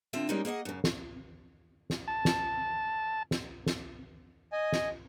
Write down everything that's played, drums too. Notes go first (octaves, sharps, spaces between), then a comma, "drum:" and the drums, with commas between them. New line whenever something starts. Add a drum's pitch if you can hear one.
D3 C4 F4 E5
G3 G#3 A#3 C4 C#4 D#4
A#3 G#4 D#5 F#5
F#2 C#3
drum: snare
drum: snare
A5
drum: snare
drum: snare
drum: snare
D#5 G#5
drum: snare